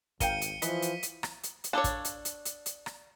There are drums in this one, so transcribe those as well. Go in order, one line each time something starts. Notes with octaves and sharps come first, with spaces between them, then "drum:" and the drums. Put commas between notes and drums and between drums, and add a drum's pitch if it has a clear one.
G#1 A#4 F5 G5 C#7 D#7 G7, drum: kick, hi-hat
drum: hi-hat
E3 F3 B4 D#5 B6, drum: hi-hat
drum: hi-hat
drum: hi-hat
drum: rim click
drum: hi-hat
drum: hi-hat
D4 A4 C#5 F5 A5 D6
drum: kick, hi-hat
drum: hi-hat
drum: hi-hat
drum: hi-hat
drum: hi-hat
drum: rim click